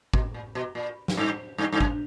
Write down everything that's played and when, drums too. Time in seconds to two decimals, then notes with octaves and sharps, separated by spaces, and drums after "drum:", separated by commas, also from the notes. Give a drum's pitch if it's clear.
0.13 B2, drum: kick
0.34 A#2
0.55 B2
0.75 A#2
1.08 drum: snare
1.17 G2
1.58 G2
1.72 G2
1.80 F#2, drum: kick